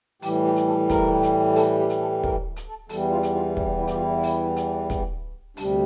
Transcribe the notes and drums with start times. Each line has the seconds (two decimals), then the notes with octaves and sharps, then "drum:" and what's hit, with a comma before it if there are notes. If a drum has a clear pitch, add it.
0.22 A2 E3 G3 G4, drum: open hi-hat
0.44 G4
0.56 drum: hi-hat
0.67 A4
0.90 A#4, drum: kick, hi-hat
1.23 drum: hi-hat
1.56 A4, drum: open hi-hat
1.79 G4
1.90 drum: hi-hat
2.01 A4
2.24 A#4, drum: kick
2.56 drum: hi-hat
2.68 A4
2.89 E2 E3 G3 A4, drum: open hi-hat
3.11 F4
3.23 drum: hi-hat
3.35 F4
3.57 E4, drum: kick
3.78 E4
3.87 G4, drum: hi-hat
3.94 F4
4.00 E4
4.23 drum: open hi-hat
4.56 drum: hi-hat
4.90 drum: kick, hi-hat
5.57 D2 C3 G3 D4, drum: open hi-hat